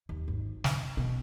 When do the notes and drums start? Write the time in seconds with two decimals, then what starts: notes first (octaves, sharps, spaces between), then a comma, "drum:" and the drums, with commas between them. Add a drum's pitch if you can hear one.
0.09 D#2
0.28 G#1
0.64 D3, drum: snare
0.97 B2